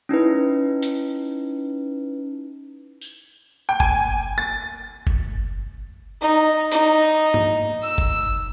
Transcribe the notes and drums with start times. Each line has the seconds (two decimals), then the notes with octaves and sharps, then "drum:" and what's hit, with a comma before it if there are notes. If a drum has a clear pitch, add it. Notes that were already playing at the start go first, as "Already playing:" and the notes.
0.09 C#4 D#4 E4 B4
0.83 drum: hi-hat
3.01 drum: tambourine
3.69 G5
3.80 G#5, drum: kick F#1
4.38 A6
5.07 drum: kick F#1
6.21 D#4
6.72 D#4, drum: hi-hat
7.34 drum: tom G#2
7.82 E6
7.98 drum: kick F#1